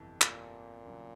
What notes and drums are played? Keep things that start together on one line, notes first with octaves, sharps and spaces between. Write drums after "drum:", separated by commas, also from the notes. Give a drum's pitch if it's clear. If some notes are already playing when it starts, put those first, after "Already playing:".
Already playing: G1 F2 C3 E3
A#2, drum: clap
D#2 C#3 F#3